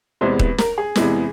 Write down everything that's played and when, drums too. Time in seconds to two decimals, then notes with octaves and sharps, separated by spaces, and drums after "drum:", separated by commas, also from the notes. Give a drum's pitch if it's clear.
0.21 E2 C3 E3 G#3 B3 C5
0.39 B4, drum: kick D#1
0.58 A#4, drum: snare
0.78 G#4
0.96 E2 C3 E3 G#3 B3, drum: snare